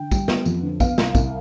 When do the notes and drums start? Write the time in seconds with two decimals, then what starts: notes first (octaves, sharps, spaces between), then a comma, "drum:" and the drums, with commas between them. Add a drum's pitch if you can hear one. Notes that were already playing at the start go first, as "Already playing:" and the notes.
Already playing: D3 G5
0.11 G3, drum: kick, tambourine
0.28 B3, drum: snare
0.46 F2, drum: tambourine
0.63 D3
0.80 B3 F5, drum: kick, tambourine
0.98 C2, drum: snare
1.15 C2, drum: kick, tambourine